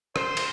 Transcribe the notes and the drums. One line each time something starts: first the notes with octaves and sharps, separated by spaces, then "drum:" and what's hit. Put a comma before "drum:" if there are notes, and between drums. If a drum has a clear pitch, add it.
C5, drum: rim click
drum: cymbal